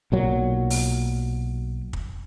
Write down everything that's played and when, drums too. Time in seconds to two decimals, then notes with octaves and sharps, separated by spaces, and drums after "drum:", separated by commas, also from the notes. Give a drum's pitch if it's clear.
0.12 B1 A#2 F#3
0.70 drum: open hi-hat
1.93 drum: kick